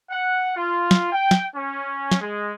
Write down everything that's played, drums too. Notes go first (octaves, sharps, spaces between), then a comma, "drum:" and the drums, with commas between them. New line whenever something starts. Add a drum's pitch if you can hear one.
F#5
F4
drum: snare
G5
drum: snare
C#4
drum: snare
G#3